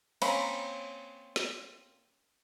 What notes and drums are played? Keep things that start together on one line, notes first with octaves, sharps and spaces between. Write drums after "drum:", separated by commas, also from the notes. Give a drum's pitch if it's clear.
A#3 C4 C#4 A#5 B5, drum: cymbal
drum: snare